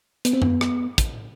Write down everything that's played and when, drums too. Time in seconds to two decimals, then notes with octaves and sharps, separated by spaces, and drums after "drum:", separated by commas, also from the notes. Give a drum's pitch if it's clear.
0.25 B3, drum: hi-hat
0.33 C4
0.42 B3, drum: tom F#2
0.61 drum: rim click
0.98 drum: kick, hi-hat